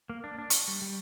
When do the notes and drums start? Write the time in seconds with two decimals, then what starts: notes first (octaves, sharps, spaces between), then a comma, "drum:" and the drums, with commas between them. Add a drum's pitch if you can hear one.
0.09 A#3
0.24 D4
0.39 D4
0.50 C#6, drum: hi-hat
0.68 G3
0.82 G3